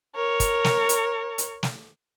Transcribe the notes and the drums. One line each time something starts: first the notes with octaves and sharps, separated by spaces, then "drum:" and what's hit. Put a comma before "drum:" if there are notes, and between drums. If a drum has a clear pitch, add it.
A#4 C#5
drum: kick, hi-hat
drum: snare
drum: hi-hat
drum: hi-hat
drum: snare